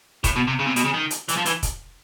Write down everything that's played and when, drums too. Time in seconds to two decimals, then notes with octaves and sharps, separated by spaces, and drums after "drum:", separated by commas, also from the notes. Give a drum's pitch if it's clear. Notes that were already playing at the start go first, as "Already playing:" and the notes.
0.24 A2, drum: kick, hi-hat
0.36 B2
0.47 C3
0.59 C#3
0.67 C3
0.76 B2, drum: hi-hat
0.85 C#3
0.94 D#3
1.10 drum: hi-hat
1.28 E3, drum: hi-hat
1.37 F3
1.45 E3, drum: hi-hat
1.63 drum: kick, hi-hat